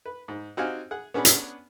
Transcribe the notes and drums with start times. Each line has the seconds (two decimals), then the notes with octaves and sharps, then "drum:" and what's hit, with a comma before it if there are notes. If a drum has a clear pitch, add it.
0.06 B4
0.28 G#2
0.57 C4 D#4 F#4 G4 F5 G#5
0.91 G#4 F#5
1.14 B3 C#4 D4 G#4 B4
1.25 drum: hi-hat